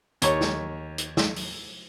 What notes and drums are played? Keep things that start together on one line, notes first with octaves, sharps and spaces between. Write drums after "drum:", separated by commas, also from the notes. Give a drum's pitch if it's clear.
D#2 C#5, drum: hi-hat
drum: snare
drum: hi-hat
drum: snare
drum: open hi-hat